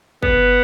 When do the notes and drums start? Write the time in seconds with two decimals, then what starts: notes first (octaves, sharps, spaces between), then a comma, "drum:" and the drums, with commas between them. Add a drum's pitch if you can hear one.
0.23 B3, drum: kick